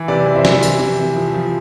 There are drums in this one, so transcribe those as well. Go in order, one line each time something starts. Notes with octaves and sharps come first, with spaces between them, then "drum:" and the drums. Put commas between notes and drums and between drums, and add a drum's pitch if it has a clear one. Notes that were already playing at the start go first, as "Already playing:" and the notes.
Already playing: E3
C3 B4 D5
E3
C5 E5
E3, drum: snare
C3, drum: tambourine
C3
E3
F3
F3